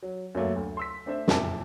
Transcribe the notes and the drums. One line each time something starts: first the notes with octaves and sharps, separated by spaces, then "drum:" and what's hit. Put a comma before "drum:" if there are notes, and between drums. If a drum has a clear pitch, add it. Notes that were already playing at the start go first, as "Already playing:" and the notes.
F#3
F#2 F#3 A3 A#3
D2
C6 E6 B6
A3 C4 D4 C5 E5
F#1 F2 A#2 E5 A5 D6, drum: snare